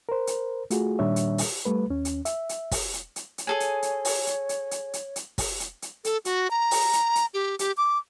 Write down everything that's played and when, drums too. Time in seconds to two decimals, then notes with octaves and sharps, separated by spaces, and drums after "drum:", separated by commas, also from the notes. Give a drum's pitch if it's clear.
0.09 A#4 C5
0.27 drum: hi-hat
0.70 A3 F4 F#4 G#4, drum: hi-hat
0.99 A#2 D#3 G3 D4 C#5 E5
1.16 drum: hi-hat
1.38 drum: open hi-hat
1.65 G3 A3 B4
1.90 D#2 C#4
2.05 drum: hi-hat
2.25 E5, drum: hi-hat
2.49 drum: hi-hat
2.71 drum: kick, open hi-hat
2.94 drum: hi-hat
3.16 drum: hi-hat
3.38 drum: hi-hat
3.47 G#4 A4 C#5 G#5
3.60 drum: hi-hat
3.82 drum: hi-hat
4.05 drum: open hi-hat
4.27 drum: hi-hat
4.49 drum: hi-hat
4.71 drum: hi-hat
4.93 drum: hi-hat
5.16 drum: hi-hat
5.38 drum: kick, open hi-hat
5.60 drum: hi-hat
5.82 drum: hi-hat
6.04 A4, drum: hi-hat
6.25 F#4, drum: hi-hat
6.51 A#5
6.71 drum: open hi-hat
6.93 drum: hi-hat
7.16 drum: hi-hat
7.34 G4
7.59 G4, drum: hi-hat
7.77 D6